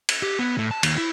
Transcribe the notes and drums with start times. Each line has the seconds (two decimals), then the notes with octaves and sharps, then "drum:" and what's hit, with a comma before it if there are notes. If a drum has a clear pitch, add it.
0.09 drum: cymbal
0.23 G4
0.39 B3
0.58 A2
0.71 A5
0.83 D#2, drum: cymbal
0.98 E4